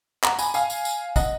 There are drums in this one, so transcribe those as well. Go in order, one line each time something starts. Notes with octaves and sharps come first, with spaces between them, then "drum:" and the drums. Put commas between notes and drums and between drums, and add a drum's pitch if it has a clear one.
F#5 A#5, drum: clap
G#5 B5, drum: tambourine
F5 G#5, drum: tambourine
drum: tambourine
drum: tambourine
D#5 F#5, drum: kick, tambourine